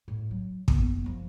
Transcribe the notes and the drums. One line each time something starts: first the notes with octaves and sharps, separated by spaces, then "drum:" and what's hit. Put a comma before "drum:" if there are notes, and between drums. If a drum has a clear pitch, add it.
A2
F#3
F#1 B3, drum: kick
F#2 F3